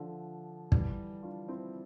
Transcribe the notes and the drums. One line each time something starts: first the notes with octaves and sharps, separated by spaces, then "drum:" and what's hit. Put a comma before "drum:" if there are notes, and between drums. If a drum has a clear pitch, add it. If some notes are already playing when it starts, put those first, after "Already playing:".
Already playing: D3 F3
E3 G3, drum: kick
D4 F4
C4 E4